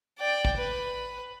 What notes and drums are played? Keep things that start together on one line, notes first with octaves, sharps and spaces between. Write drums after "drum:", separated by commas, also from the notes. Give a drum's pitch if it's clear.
D5 G5
drum: kick
B4